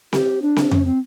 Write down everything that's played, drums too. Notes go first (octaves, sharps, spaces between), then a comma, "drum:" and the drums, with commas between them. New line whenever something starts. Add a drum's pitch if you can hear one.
G4, drum: snare C4
D4
drum: snare C4
C#4, drum: tom F2
C4